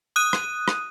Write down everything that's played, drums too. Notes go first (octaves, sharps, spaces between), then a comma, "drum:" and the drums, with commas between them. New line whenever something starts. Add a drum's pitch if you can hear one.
D#6 F#6 D#7
drum: rim click
drum: rim click